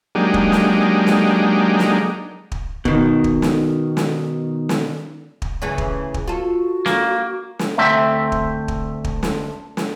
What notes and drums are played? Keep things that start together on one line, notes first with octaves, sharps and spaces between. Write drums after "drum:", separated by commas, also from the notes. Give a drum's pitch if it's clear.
F#3 G#3 A#3 D4 D#4 G4
drum: kick
drum: snare
drum: snare
drum: snare
drum: kick
B2 D#3, drum: kick
drum: kick
drum: snare
drum: snare
drum: snare
drum: kick
C#3 E3 A3
drum: kick
drum: kick
F4 F#4 A4
A#3, drum: snare
drum: snare
D2 A3 C4 E5
drum: kick
drum: kick
drum: kick
drum: snare
drum: snare